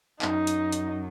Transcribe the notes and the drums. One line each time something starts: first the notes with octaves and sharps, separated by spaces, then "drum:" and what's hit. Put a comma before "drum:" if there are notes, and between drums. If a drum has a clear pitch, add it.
F#2 D#4, drum: clap
drum: hi-hat
drum: hi-hat